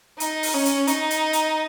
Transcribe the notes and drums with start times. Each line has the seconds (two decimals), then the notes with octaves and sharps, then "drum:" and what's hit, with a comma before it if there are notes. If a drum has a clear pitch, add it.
0.20 D#4, drum: hi-hat
0.43 drum: open hi-hat
0.54 C#4
0.65 drum: hi-hat
0.87 D#4, drum: hi-hat
1.11 drum: hi-hat
1.33 drum: hi-hat